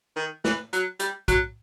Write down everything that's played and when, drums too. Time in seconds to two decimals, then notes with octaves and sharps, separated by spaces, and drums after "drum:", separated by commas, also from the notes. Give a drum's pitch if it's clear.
0.16 D#3
0.45 E3, drum: snare
0.73 F#3, drum: hi-hat
1.00 G3, drum: hi-hat
1.28 F#3, drum: kick, hi-hat